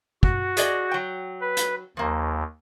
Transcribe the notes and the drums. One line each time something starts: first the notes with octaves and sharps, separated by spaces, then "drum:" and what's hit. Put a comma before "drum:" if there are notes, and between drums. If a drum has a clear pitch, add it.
F#4, drum: kick
G#4 D5 D#5, drum: hi-hat
F#3 G5
B4
drum: hi-hat
D#2 F3 A#3